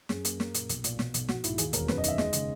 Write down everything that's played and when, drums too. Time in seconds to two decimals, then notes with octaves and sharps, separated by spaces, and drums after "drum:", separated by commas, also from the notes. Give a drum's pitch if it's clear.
0.09 F#2 G#4, drum: snare
0.25 A#3, drum: hi-hat
0.40 A#3, drum: snare
0.54 A#2, drum: hi-hat
0.69 B1, drum: hi-hat
0.84 A#2, drum: hi-hat
0.99 B2, drum: snare
1.14 B1, drum: hi-hat
1.29 A#1 F#4, drum: snare
1.44 G#2 E4, drum: hi-hat
1.58 D#2 G#4, drum: hi-hat
1.73 E1 A#4, drum: hi-hat
1.88 F#2 B4, drum: snare
1.98 D#5
2.04 D#3 E5, drum: hi-hat
2.18 G#3 D#5, drum: snare
2.33 C#3, drum: hi-hat